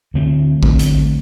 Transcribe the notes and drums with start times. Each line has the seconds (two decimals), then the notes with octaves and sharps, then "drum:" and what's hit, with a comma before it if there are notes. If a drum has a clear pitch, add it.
0.14 D2 D3 A3 C4
0.63 D2 D3 A3 C4, drum: kick A1
0.79 drum: hi-hat